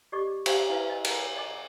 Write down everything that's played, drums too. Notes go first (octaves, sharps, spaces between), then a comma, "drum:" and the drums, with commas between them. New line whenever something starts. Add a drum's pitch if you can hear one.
G4 A4 D5 D#5 C#6 D6
G4 C5 E5 F5, drum: cymbal
E4 B4 E5 F5
D#5
drum: cymbal
D5 D#5 G#5 D6